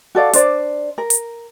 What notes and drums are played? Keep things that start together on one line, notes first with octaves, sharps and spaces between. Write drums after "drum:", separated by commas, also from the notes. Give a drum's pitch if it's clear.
F#4 A4 D5 F5
D4 C5 D5, drum: hi-hat
A#4
drum: hi-hat